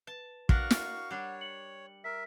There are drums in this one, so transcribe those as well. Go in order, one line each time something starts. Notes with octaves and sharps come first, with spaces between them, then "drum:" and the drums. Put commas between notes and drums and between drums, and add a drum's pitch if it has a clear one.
B4 A5
D4 F#4 A#4 F5 F#5 C#6, drum: kick
drum: snare
G3 D4 C#5 F#5
C#7 F#7
A#4 E5 B6